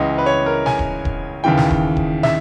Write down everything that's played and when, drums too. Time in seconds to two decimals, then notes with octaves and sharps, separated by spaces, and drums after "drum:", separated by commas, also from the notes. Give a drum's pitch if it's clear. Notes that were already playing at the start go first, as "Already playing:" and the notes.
Already playing: C#2 C#3 E3 D#5
0.18 B4
0.26 C#5
0.46 A#4
0.66 G#5, drum: snare
0.79 drum: kick D#1
1.05 drum: kick D#1
1.44 D#2 C#3 E3 G5
1.57 drum: snare
1.70 drum: kick D#1
1.97 drum: kick D#1
2.23 E5, drum: snare